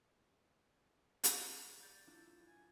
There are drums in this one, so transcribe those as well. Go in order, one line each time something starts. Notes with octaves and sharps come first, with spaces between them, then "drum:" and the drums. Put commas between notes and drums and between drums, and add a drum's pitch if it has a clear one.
drum: hi-hat
D5 G6 A6
F#3 D4 E4 F4 A4
G#5